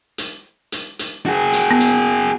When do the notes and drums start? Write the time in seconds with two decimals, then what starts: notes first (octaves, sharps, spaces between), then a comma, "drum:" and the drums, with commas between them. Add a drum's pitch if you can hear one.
0.18 drum: hi-hat
0.72 drum: hi-hat
0.99 drum: hi-hat
1.26 F#4 G#4
1.53 drum: hi-hat
1.71 B3
1.80 drum: hi-hat